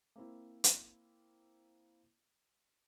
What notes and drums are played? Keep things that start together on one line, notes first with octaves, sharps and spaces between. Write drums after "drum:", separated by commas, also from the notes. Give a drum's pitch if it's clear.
A#3 C4 E4
drum: hi-hat